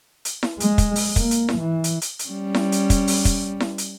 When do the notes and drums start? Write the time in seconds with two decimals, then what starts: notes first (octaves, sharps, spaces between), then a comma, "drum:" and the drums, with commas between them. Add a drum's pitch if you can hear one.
0.25 drum: hi-hat
0.43 drum: snare E4
0.60 G#3, drum: hi-hat
0.78 drum: kick, hi-hat
0.96 drum: open hi-hat
1.16 A#3, drum: kick, hi-hat
1.31 drum: hi-hat
1.49 drum: snare E4
1.58 E3
1.84 drum: hi-hat
2.02 drum: hi-hat
2.19 drum: hi-hat
2.29 G3 C#4
2.54 drum: snare E4
2.72 drum: hi-hat
2.90 drum: kick, hi-hat
3.07 drum: open hi-hat
3.25 drum: kick, hi-hat
3.60 drum: snare E4
3.78 drum: hi-hat